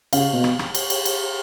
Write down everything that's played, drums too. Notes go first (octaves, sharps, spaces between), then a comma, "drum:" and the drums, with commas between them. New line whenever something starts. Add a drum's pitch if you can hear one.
C#3 F5, drum: cymbal
B2
drum: rim click
drum: rim click
drum: cymbal
drum: cymbal
drum: cymbal